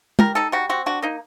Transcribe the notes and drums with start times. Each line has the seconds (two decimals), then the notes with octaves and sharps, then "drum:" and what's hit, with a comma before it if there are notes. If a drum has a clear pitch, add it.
0.19 G3 A#4, drum: tom
0.35 D#4 A4
0.52 G3 F#4
0.69 C4 F#4
0.86 D4 F#4
1.02 A#3 D#4